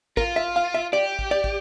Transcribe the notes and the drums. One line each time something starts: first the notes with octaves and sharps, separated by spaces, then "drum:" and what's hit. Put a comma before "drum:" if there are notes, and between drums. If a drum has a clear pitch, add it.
F4 A#4, drum: kick
E5
F5
E5
G4 D5
drum: kick
D5
drum: kick